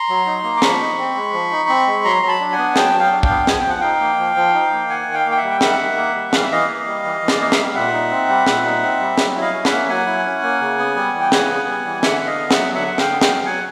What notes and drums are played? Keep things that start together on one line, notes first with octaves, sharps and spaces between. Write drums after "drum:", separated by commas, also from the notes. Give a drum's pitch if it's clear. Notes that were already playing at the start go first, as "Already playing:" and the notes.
Already playing: A#5 C6
F#3
D#4
A#3
D6
F3 B5 C#6, drum: snare
D#4
C4
G#3
F3
D#4
C4
G#3
F#3 A#5 C6
F#3 A#5
A5 B5
D4
F#5 G#5
B3
F#3 G5 A5, drum: snare
F#3
F5 G5
D4
F5 G5, drum: kick
B3
F3 G#5, drum: snare
G5
F3 F#5
D#4 F5 G5
A#3
F3
F3
D#4
A#3
D#3 F#5 G#5
D#3
F5 G5
A#3
G5
E5 F#5
G3
G5
D#3 E5 F#5, drum: snare
D#3
A#3
G3
E3 F5, drum: snare
E5
E3 D#5 F5
A#3
G3
E3
E3
D5, drum: snare
A#3 D#5
E5, drum: snare
G3
F5
A#2 E5 F#5
D#4
C4
G3
A#2, drum: snare
D#4
C4
G3
F#3, drum: snare
E4
D#5 F5
C#4
E5 F#5, drum: snare
A#3
F#3 F#5 G#5
E4
C#4
A#3
C#3
B3
G3
E3
G5
C#3 F#5 G#5, drum: snare
B3
G3
E3
D3 E5 F#5, drum: snare
D3 F#5
D#5 F5
B3
E5 F#5, drum: snare
F#3
D3 E5 F#5
F#5
D3
F5 G5, drum: snare
B3
F5 G5, drum: snare
F#3
F#3 F#5 G#5